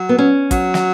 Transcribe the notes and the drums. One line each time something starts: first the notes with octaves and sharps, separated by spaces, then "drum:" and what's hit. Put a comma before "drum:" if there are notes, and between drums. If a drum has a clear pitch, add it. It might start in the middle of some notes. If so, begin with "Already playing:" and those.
Already playing: F#3
B3
C#4
F#3, drum: kick, hi-hat
drum: snare